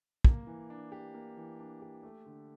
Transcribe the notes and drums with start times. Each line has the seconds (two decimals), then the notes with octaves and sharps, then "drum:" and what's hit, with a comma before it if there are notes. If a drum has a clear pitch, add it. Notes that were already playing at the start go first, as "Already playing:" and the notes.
0.24 A#3, drum: kick
0.47 E3
0.70 D4
0.92 G4
1.14 A#3
1.37 E3
1.59 D4
1.82 G4
2.03 A3
2.26 D3